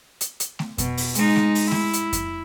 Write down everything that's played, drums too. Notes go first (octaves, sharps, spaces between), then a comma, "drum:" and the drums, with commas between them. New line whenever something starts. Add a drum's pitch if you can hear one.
drum: hi-hat
drum: hi-hat
drum: snare A3
B2, drum: kick F2, hi-hat
drum: open hi-hat
G#3 D#4, drum: hi-hat
drum: snare A3
drum: open hi-hat
E4, drum: snare A3
drum: hi-hat
drum: kick F2, hi-hat